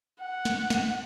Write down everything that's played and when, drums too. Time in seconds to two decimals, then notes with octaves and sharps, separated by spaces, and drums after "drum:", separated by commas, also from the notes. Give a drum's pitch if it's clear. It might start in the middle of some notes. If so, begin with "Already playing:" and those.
0.20 F#5
0.45 drum: snare
0.70 drum: snare